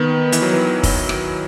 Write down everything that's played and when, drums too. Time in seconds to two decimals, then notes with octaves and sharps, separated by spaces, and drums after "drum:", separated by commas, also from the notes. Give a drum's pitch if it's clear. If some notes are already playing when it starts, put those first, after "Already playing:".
Already playing: D#3 B3
0.32 E3, drum: hi-hat
0.42 F#3
0.53 E3
0.83 drum: kick, open hi-hat
1.09 drum: rim click